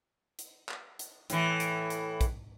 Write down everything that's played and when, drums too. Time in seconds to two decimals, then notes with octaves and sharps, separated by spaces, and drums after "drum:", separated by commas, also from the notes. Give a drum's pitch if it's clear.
0.39 drum: hi-hat
0.69 drum: clap
0.99 drum: hi-hat
1.30 A2 E3, drum: hi-hat
1.60 drum: hi-hat
1.90 drum: hi-hat
2.21 drum: kick, hi-hat